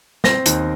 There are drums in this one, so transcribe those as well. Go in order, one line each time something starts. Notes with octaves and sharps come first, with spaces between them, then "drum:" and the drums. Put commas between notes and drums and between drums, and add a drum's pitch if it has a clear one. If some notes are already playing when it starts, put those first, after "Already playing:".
C4 A#6, drum: snare
D#2, drum: hi-hat